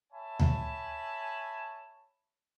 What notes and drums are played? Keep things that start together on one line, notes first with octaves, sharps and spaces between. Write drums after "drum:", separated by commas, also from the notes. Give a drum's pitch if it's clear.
C#5 E5 G#5 A5 B5
drum: tom D2